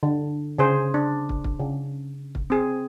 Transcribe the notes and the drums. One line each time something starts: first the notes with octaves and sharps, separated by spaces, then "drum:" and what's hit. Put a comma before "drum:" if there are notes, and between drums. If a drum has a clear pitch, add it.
D3
C#3 G#4 C5
D4
drum: kick
drum: kick
C#3
drum: kick
C4 G#4